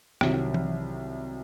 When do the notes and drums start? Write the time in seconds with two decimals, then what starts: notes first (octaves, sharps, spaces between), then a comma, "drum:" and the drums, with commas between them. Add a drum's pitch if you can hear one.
0.21 C2 C3 D#3 F#3, drum: rim click
0.54 drum: tom E3